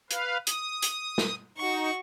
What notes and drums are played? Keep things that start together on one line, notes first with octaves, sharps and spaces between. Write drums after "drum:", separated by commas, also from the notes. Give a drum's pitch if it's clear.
B4 F5, drum: hi-hat
D#6, drum: hi-hat
drum: hi-hat
drum: snare
D#4 F#4 C#6